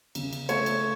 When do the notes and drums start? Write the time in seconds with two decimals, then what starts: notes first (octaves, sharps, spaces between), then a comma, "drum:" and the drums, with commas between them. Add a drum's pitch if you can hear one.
0.15 C#3, drum: cymbal
0.33 drum: cymbal
0.49 A3 C#5, drum: cymbal
0.66 drum: cymbal